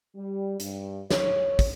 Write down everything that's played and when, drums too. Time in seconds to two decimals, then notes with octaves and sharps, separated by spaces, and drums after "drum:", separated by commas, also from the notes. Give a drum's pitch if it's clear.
0.16 G3
0.60 G2, drum: hi-hat
1.11 C#5, drum: snare
1.59 drum: kick, open hi-hat